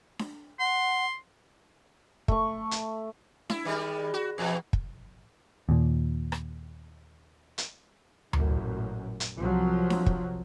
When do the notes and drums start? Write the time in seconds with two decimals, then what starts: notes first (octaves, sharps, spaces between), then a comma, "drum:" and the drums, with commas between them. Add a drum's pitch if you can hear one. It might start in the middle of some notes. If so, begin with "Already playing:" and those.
0.19 drum: snare D4
0.60 F#5 C6
2.28 A3 C#6, drum: kick
2.71 drum: hi-hat
3.50 E4, drum: snare D4
3.65 D#3 G3 G#3
4.14 F#4
4.38 E2 B2
4.73 drum: kick
5.69 D#2 A#2
6.32 drum: rim click
7.58 drum: hi-hat
8.33 A1 F#2 A#2, drum: tom D2
9.20 drum: hi-hat
9.38 C2 F3 F#3
9.90 drum: snare D4
10.06 drum: kick